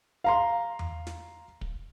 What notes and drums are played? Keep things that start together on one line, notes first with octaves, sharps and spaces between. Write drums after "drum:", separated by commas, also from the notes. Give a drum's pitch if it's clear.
F5 A#5 C6
drum: tom E2
drum: snare
drum: kick